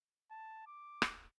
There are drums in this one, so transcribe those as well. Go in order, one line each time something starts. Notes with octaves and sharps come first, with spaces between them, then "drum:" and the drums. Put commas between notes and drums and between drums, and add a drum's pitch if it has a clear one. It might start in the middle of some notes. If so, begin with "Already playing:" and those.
A5
D6
drum: rim click